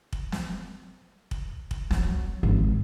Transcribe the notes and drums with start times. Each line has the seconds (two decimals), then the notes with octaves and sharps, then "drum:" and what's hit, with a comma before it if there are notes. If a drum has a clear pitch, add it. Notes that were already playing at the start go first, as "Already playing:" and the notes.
0.13 drum: kick
0.32 drum: snare
1.31 drum: kick
1.71 drum: kick
1.91 F#3, drum: snare
2.43 G#1